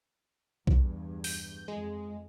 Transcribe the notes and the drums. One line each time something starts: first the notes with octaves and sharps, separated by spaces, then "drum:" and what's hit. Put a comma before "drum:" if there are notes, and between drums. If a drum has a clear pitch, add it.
E2 G2, drum: kick
G6, drum: open hi-hat
F2 G#3